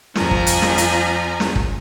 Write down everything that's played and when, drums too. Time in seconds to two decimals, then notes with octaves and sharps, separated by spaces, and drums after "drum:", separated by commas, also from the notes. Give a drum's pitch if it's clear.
0.15 F2 F3 G#5 A#5, drum: snare
0.31 drum: kick
0.47 drum: hi-hat
0.62 drum: snare
0.78 drum: hi-hat
1.40 drum: snare
1.56 drum: kick